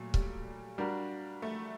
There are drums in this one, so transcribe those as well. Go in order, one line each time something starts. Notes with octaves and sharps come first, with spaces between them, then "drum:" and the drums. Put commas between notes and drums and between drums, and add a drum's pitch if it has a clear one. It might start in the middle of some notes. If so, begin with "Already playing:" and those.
Already playing: A#2 F#3 A3
G3, drum: kick C#1
G3 D4 F#4 A#4
A3